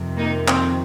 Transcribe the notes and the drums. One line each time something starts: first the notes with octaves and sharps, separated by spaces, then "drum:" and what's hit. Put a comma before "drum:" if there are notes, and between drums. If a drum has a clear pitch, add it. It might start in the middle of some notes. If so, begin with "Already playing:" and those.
Already playing: F2 C3 D#3
A#3 D#4
C4, drum: clap